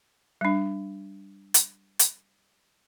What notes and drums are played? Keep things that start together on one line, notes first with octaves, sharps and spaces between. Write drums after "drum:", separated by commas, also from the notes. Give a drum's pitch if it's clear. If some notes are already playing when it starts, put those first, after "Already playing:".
G3 D4
drum: hi-hat
drum: hi-hat